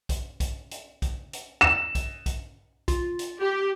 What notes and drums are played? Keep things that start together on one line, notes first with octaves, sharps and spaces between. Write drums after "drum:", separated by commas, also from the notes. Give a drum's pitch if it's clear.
drum: kick B1, hi-hat
drum: kick B1, hi-hat
drum: hi-hat
drum: kick B1, hi-hat
drum: hi-hat
E7
drum: kick B1, hi-hat
drum: kick B1, hi-hat
F4, drum: kick B1, hi-hat
drum: hi-hat
G4